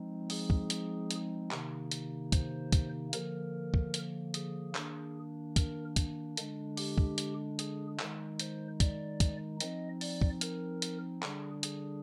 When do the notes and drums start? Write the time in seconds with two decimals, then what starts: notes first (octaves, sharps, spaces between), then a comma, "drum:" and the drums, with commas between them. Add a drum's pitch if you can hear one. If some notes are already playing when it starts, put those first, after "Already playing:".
Already playing: F3 G#3 C4 D#4
0.30 G#4, drum: open hi-hat
0.50 drum: kick
0.70 drum: hi-hat
1.11 drum: hi-hat
1.51 C3 D#3 A#3 D#4, drum: clap
1.92 drum: hi-hat
2.32 C5, drum: kick, hi-hat
2.72 drum: kick, hi-hat
3.13 D3 F3 A#3 A#4, drum: hi-hat
3.74 drum: kick
3.94 drum: hi-hat
4.34 G#4, drum: hi-hat
4.75 D#3 A#3 D4, drum: clap
5.56 A#4, drum: kick, hi-hat
5.96 drum: kick, hi-hat
6.37 D3 G#3 D4, drum: hi-hat
6.77 G4, drum: open hi-hat
6.98 drum: kick
7.18 drum: hi-hat
7.59 G#4, drum: hi-hat
7.99 D#3 G#3 D#4, drum: clap
8.40 C5, drum: hi-hat
8.80 D5, drum: kick, hi-hat
9.20 drum: kick, hi-hat
9.60 F3 C4 D#4 D#5, drum: hi-hat
10.01 D5, drum: open hi-hat
10.21 drum: kick
10.41 A#4, drum: hi-hat
10.82 drum: hi-hat
11.22 D3 G3 D4 G#4, drum: clap
11.63 G#4, drum: hi-hat